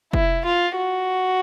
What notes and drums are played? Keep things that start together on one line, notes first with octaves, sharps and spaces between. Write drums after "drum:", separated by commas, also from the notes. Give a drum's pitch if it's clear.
E4, drum: kick
F4
F#4